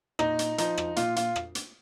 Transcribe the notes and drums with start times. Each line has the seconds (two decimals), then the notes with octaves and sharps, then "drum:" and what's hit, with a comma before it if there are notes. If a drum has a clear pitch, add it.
0.19 A#2 D#4, drum: rim click
0.39 drum: hi-hat
0.58 F3 D#4, drum: hi-hat
0.78 drum: rim click
0.96 A#2 F4, drum: hi-hat
1.16 F4, drum: hi-hat
1.36 drum: rim click
1.55 drum: hi-hat